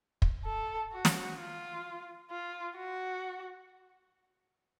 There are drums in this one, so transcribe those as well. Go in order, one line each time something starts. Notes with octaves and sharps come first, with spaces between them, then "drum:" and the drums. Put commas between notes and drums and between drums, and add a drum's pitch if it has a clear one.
drum: kick
A4
F#4
drum: snare
F4
F4
F#4